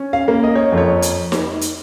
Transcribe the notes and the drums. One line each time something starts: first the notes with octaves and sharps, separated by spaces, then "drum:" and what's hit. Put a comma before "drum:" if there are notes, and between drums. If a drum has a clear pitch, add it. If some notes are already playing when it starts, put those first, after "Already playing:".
Already playing: C#4
F5
A#3
D#5
C#5
F2
C#5
drum: hi-hat
drum: snare D#4
drum: hi-hat